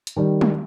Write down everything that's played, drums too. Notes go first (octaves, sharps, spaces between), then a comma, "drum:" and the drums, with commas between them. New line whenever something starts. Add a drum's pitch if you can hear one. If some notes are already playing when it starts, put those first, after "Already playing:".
drum: hi-hat
D#3 G3
drum: tom